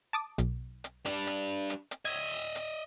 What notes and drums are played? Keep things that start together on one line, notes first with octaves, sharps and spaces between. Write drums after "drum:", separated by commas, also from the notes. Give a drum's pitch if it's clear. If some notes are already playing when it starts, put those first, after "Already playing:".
A5 D6 D#6
B1, drum: hi-hat
drum: hi-hat
G3 D4, drum: hi-hat
drum: hi-hat
drum: hi-hat
drum: hi-hat
D#5 E5 G#6
drum: hi-hat